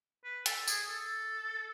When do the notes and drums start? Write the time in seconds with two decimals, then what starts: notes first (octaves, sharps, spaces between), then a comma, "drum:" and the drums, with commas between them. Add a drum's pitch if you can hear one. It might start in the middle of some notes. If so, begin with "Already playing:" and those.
0.24 B4
0.46 A4, drum: hi-hat
0.68 G#4, drum: tambourine
0.89 A4